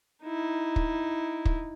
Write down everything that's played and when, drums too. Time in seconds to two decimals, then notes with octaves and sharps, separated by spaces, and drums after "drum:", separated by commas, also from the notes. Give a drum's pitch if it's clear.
0.24 D#4 E4
0.76 drum: kick
1.45 drum: kick